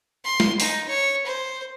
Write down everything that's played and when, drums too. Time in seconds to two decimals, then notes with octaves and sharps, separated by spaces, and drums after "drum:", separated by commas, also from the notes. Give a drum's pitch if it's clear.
0.25 C6
0.40 drum: snare
0.60 D#4, drum: open hi-hat
0.89 C#5
1.26 C5